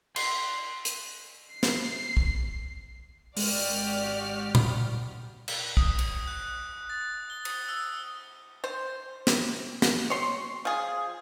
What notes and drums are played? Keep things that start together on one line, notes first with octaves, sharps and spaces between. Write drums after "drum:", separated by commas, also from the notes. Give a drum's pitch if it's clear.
C6, drum: cymbal
drum: hi-hat
C7
drum: snare
drum: kick
G#1 G#3 F#4 G4 D5 F6, drum: open hi-hat
drum: tom
drum: cymbal
D#6, drum: kick
drum: cymbal
F#6
A6
G7
D#6, drum: cymbal
E6
C5
drum: snare
drum: snare
C#5 C6
F3 G#4